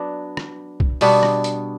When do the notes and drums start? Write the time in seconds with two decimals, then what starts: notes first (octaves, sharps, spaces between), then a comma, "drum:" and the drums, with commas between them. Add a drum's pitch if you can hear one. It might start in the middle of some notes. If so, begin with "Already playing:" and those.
Already playing: F#3 B3 D4
0.37 drum: rim click
0.80 drum: kick
1.01 B2 G3 B3 D4, drum: open hi-hat
1.23 drum: rim click
1.44 drum: hi-hat